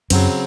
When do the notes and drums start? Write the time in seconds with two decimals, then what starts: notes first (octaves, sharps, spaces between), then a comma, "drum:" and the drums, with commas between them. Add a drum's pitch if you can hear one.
0.10 F#2 C#3 F#3 C4, drum: cymbal